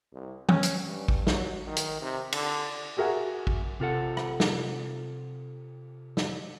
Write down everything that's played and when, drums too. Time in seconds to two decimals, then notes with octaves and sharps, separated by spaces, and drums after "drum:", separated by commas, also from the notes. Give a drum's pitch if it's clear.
0.13 C2
0.49 C#4, drum: tom E3
0.63 drum: hi-hat
0.86 G2
1.08 drum: kick
1.27 F#3, drum: snare
1.67 D#3
1.77 drum: hi-hat
2.01 C3
2.32 D3, drum: cymbal
2.97 F#4 G#4 A#4 E5 F#5 G#5
3.47 drum: kick
3.80 C3 F4 A4 F#5
4.17 drum: rim click
4.40 drum: snare
6.17 drum: snare